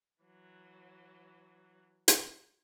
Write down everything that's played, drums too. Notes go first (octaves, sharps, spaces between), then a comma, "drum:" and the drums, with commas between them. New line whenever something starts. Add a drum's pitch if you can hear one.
E3 F#3
drum: hi-hat